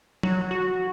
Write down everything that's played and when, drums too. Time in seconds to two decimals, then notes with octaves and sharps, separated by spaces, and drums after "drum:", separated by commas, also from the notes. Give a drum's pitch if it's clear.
0.23 F#3, drum: tom F3
0.51 F#4